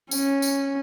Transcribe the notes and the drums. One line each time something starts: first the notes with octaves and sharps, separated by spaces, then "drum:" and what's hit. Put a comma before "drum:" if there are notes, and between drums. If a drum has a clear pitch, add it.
C#4, drum: tambourine
drum: tambourine